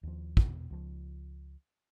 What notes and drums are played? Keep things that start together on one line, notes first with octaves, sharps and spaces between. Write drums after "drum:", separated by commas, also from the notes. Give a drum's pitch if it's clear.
D#2 F3
E2 B2, drum: kick
C#2 F3